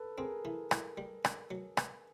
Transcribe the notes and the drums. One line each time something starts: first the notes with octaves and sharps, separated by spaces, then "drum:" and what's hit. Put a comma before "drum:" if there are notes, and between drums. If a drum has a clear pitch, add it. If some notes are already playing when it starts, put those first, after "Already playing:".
Already playing: A4 B4
C4 G#4 A#4
E3
E4, drum: rim click
G3
D4, drum: rim click
F#3
B3, drum: rim click